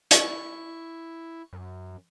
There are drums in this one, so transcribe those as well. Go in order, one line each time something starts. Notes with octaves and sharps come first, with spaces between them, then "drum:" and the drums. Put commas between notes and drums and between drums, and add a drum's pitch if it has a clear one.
E4 C#6, drum: hi-hat
F#2